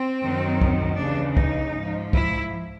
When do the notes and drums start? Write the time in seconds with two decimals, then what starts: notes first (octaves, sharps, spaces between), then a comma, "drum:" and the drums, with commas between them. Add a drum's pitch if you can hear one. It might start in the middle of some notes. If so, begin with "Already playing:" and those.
Already playing: C4
0.23 F#2 D#3 F#3
0.61 drum: kick
0.99 D#2 C#3 E3 D4
1.37 D#4, drum: kick
1.76 G#2 F3
2.13 E4, drum: kick